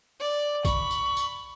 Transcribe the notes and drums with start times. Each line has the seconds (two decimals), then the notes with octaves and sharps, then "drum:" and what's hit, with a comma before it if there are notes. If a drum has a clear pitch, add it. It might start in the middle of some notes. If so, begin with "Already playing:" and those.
0.20 D5
0.65 B5 C#6, drum: kick, tambourine
0.91 drum: tambourine
1.17 drum: tambourine